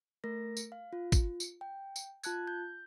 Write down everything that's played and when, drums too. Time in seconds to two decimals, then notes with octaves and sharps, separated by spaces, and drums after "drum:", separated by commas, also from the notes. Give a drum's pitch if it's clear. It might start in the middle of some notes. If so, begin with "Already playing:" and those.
0.24 A3 A#4 A#6
0.57 drum: tambourine
0.72 F5
0.93 F4
1.12 drum: kick, tambourine
1.40 drum: tambourine
1.61 G5
1.96 drum: tambourine
2.23 F4 A5 F#6 G#6, drum: tambourine
2.47 G6